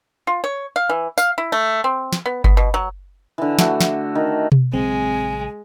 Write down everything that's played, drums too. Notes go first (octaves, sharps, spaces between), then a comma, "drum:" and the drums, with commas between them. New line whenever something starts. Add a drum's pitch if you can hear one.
F4
C#5
F5
E3
F5, drum: tambourine
E4
A3
C4
drum: snare
B3
B3, drum: kick G1
B2
F#3
D3 E3
A3 F#4, drum: snare
drum: snare
D#3
drum: tom B2
A#1 C#3 F#3 G#3 C4 G#5